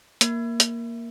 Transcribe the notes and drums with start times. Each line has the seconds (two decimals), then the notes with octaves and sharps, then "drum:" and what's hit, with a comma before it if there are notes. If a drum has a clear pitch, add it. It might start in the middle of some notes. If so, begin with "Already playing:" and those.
0.21 A#3, drum: hi-hat
0.60 drum: hi-hat